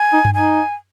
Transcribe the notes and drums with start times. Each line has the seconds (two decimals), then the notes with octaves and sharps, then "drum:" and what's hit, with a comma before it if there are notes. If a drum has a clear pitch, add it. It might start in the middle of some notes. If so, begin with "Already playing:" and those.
Already playing: G#5
0.13 D#4
0.25 drum: tom G2
0.34 D#4 G#5